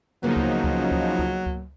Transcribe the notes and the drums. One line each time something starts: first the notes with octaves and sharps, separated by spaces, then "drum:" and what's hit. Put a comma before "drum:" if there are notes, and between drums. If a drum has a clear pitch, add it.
C#3 F3 F#3 A#3 B3 D#4
drum: kick C#2
drum: kick C#2
drum: kick C#2
drum: kick C#2
drum: kick C#2